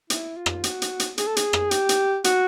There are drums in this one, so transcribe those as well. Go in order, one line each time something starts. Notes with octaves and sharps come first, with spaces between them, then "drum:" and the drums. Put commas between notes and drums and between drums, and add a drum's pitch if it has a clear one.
E4, drum: hi-hat
F4
drum: rim click
F#4, drum: hi-hat
drum: hi-hat
drum: hi-hat
G#4, drum: hi-hat
A4
G#4, drum: hi-hat
drum: rim click
G4, drum: hi-hat
drum: hi-hat
F#4, drum: hi-hat